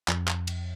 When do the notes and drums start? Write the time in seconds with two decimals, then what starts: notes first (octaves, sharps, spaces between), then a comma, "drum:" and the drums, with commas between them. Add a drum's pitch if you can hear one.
0.08 F2, drum: clap
0.28 drum: clap
0.47 drum: cymbal